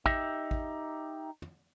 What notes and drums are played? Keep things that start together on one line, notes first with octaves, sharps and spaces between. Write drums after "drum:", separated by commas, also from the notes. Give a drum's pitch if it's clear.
D#4 G4 E5, drum: kick A1
drum: kick A1
drum: tom